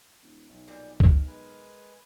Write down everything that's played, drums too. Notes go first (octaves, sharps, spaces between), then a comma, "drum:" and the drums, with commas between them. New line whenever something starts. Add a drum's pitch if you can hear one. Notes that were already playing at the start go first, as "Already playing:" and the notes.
D#1
B1
A#2 G3 D5
A#4, drum: kick C#2
G#3 B4 G#5